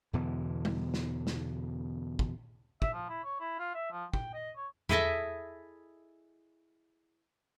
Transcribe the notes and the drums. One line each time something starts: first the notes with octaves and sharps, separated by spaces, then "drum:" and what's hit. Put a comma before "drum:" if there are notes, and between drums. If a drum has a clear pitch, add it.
E2 B2 D3 E3
drum: tom G3
drum: snare
drum: snare
drum: kick
E5, drum: kick
F3
E4
C#5
E4
F4
E5
F3
G5, drum: kick
D#5
C#5
E4 G#4 A4 D#5 E5, drum: tom E2